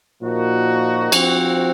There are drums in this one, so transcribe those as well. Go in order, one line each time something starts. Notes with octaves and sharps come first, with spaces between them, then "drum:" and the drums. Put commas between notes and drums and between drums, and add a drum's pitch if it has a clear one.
A#2 F3 A#3 D#4 F#4
F3 C4 F#4, drum: cymbal